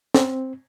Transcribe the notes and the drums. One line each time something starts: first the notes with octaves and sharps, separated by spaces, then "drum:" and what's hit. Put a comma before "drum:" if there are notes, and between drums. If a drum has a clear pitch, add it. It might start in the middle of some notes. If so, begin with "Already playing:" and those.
C4, drum: snare